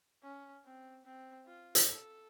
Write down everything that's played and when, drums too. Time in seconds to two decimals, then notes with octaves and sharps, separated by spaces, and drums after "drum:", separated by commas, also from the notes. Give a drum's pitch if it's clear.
0.23 C#4
0.65 C4
1.05 C4
1.46 F4
1.75 drum: hi-hat
1.87 A4